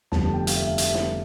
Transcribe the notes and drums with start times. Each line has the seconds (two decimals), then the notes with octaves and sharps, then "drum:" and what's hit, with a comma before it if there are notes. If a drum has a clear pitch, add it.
0.12 F1 F2 D3 G3 B3 A5, drum: snare
0.34 G5
0.47 F5, drum: hi-hat
0.56 E5
0.68 F5
0.78 E5, drum: hi-hat
0.95 drum: snare